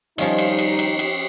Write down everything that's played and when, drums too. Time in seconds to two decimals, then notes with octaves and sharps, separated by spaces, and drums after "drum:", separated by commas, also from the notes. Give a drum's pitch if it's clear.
0.18 D#3 F3 G3 C#4 D#4 F5, drum: cymbal
0.38 drum: cymbal
0.59 drum: cymbal
0.79 drum: cymbal
0.99 drum: cymbal